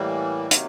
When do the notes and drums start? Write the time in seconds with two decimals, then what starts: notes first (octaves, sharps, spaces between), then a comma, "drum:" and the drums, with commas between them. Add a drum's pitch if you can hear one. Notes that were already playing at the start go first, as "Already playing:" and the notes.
Already playing: A2 E3 G3 A#3
0.51 C3 D#3 F#3 A#3, drum: hi-hat